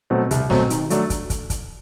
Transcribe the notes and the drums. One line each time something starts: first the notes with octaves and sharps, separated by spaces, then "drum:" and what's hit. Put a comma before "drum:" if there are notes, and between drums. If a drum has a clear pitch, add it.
B2 F#3 A3 C4
C2, drum: hi-hat
B2 F#3 A3 C4, drum: snare
D#3, drum: hi-hat
F#3 A3 D4, drum: hi-hat
drum: kick, hi-hat
drum: kick, hi-hat
drum: kick, hi-hat